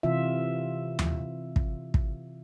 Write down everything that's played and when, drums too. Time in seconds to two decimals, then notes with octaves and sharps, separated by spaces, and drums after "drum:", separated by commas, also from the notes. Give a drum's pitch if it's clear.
0.03 C3 E3 F4 E5
0.99 drum: tom D#2
1.56 drum: kick
1.94 drum: kick